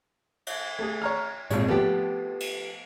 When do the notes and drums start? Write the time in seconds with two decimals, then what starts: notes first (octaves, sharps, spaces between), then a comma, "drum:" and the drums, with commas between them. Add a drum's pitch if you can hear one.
0.47 drum: cymbal
0.79 A3 G#4
1.02 C#5 A#5 F6
1.51 G#1 A#2 G#3 C#5, drum: hi-hat
1.68 F3 A3 B3 G4
2.40 drum: cymbal